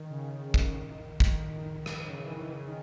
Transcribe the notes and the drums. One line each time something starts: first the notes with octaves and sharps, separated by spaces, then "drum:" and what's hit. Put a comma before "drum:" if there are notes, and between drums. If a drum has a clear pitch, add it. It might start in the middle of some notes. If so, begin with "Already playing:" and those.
Already playing: D#3
C#3
D#3
drum: kick
D#3, drum: kick
drum: rim click
C#3
C#3 E3
C#3 E3
C#3
D#3